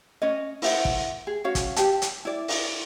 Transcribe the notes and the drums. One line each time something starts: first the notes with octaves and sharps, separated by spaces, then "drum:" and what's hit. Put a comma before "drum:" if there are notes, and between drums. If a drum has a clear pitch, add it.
C#4 C#5 D#5
E4 C5 E5 F#5, drum: open hi-hat
drum: kick
G#4
C#4 F#4 C#5 F5
drum: kick, hi-hat
G4 A5, drum: hi-hat
drum: hi-hat
E4 D5
drum: open hi-hat